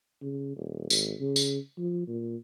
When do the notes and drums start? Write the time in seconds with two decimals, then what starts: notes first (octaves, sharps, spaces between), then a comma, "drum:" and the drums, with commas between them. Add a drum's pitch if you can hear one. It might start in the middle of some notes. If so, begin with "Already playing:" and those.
0.21 C#3
0.56 D#1
0.90 G#1, drum: tambourine
1.20 C#3
1.36 drum: tambourine
1.78 F3
2.08 A#2